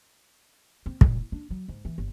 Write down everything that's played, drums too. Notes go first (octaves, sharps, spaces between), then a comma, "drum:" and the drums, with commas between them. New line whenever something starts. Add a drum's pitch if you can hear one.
C4
A#2, drum: kick
E4
D4
F#3
G#2
E3
G1